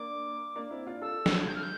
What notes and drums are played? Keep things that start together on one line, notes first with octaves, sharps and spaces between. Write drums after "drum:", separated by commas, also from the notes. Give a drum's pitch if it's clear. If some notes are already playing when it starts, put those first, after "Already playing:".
Already playing: A#3 D4 D6
A#3 D4
C4 E4
D4 F4
F4 A4 E6
drum: snare
G6
F6
G6